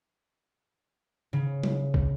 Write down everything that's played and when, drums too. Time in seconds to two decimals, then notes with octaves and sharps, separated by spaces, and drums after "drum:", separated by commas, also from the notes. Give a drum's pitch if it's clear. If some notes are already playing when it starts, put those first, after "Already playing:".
1.33 C#3
1.64 drum: tom F#3
1.94 drum: kick